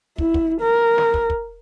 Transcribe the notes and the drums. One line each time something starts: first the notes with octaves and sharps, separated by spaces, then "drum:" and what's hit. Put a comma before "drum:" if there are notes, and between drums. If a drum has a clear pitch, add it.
E4, drum: kick
drum: kick
A#4
drum: snare
drum: kick
drum: kick